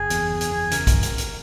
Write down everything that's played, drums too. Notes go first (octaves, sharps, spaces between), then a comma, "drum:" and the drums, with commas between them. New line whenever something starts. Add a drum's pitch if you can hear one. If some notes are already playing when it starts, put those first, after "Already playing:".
Already playing: F#1 G#4
E2, drum: hi-hat
F#1
drum: hi-hat
E2
C#3 A#4, drum: hi-hat
drum: kick, hi-hat
drum: hi-hat
drum: hi-hat